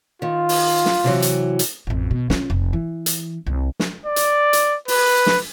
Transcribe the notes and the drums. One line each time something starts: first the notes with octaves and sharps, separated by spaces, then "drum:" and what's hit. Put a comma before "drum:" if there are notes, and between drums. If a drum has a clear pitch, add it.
D#3 F4
drum: open hi-hat
drum: snare
C3 E3 F#3
drum: hi-hat
drum: hi-hat
A1 F2
B2
C#4 F4, drum: snare
F1
E3
drum: hi-hat
C2
drum: snare
D5
drum: hi-hat
drum: hi-hat
B4, drum: open hi-hat
drum: snare